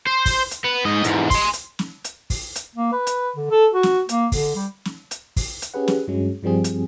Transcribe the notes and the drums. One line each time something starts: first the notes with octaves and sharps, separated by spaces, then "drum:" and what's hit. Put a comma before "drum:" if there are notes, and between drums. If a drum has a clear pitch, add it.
C5
drum: kick, open hi-hat
drum: hi-hat
B3
G#2 D#5
E2 G#2, drum: hi-hat
G#5 C6, drum: kick, open hi-hat
drum: hi-hat
drum: snare
drum: hi-hat
drum: kick, open hi-hat
drum: hi-hat
A#3
B4
drum: hi-hat
D3
A4
F#4
drum: snare
A#3, drum: hi-hat
D3, drum: kick, open hi-hat
G3
drum: snare
drum: hi-hat
drum: kick, open hi-hat
drum: hi-hat
C#4 G4 G#4 B4 F#5
drum: snare
G2 F#3 G#3 C#4
G2 F3 G3 C4 G#4
drum: hi-hat